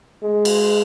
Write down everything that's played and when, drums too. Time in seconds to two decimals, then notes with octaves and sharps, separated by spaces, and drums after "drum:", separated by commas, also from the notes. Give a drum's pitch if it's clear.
0.22 G#3
0.45 drum: cymbal